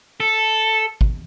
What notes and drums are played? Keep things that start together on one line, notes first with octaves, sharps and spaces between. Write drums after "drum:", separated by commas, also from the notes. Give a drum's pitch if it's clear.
A4
drum: kick